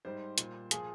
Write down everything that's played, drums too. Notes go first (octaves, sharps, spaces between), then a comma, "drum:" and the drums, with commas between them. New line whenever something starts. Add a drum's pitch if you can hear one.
G#2 G3 C5
A#2 G3, drum: hi-hat
A#2 F3 G#4 G#5, drum: hi-hat